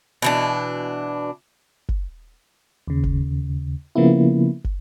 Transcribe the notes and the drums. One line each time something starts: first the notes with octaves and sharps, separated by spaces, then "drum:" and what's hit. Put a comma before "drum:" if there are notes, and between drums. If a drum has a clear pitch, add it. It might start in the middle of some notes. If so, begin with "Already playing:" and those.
B2 E3 D4
drum: kick
D#2 C#3
drum: kick
C#3 F3 A#3 B3 E4
drum: kick